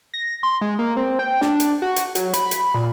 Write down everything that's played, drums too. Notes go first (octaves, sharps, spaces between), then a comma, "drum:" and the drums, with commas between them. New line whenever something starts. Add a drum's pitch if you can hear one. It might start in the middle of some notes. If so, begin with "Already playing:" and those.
A#6
C6
G#3
A#3
C4
G5
D4, drum: snare
drum: hi-hat
F#4
drum: hi-hat
F#3, drum: hi-hat
B5, drum: hi-hat
drum: hi-hat
A#2